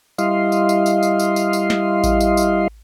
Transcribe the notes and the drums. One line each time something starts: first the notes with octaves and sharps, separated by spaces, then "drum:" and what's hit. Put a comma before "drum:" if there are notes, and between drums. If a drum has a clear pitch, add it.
G3 E4 D#5 F5 C6, drum: tambourine
drum: tambourine
drum: tambourine
drum: tambourine
drum: tambourine
drum: tambourine
drum: tambourine
drum: tambourine
drum: snare
drum: kick A1, tambourine
drum: tambourine
drum: tambourine